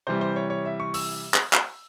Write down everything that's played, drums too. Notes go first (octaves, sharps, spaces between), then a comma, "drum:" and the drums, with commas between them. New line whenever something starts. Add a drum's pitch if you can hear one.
C3 E3 G3 C5
C5
C#5
C#5
E5
C#6
E6, drum: open hi-hat
drum: clap
drum: clap